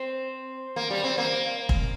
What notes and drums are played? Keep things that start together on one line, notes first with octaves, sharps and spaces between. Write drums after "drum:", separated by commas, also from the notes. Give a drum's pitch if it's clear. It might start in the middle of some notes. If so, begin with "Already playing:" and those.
Already playing: C4
A#3
G3
C4
A#3
drum: kick